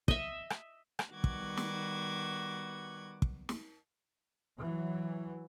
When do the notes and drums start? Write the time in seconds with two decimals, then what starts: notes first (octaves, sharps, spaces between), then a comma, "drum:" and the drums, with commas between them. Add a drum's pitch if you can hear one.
0.08 D#5 E5, drum: kick
0.50 drum: rim click
0.99 drum: rim click
1.12 D#3 G3 B3 F#4 D6 G#6
1.24 drum: kick
1.57 drum: snare
3.22 drum: kick
3.49 drum: snare
4.59 E3 F#3